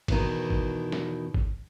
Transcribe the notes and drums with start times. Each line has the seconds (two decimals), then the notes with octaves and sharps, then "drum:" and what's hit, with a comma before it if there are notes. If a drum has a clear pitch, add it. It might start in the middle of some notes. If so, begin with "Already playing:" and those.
0.08 E2 B2 D#3, drum: kick, cymbal
0.50 drum: kick
0.92 drum: snare
1.34 drum: kick